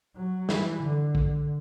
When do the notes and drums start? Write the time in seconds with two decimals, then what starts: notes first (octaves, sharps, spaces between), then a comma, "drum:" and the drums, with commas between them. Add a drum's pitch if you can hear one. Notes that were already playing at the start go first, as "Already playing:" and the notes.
0.16 F#3
0.49 E3, drum: snare
0.82 D3
1.15 drum: kick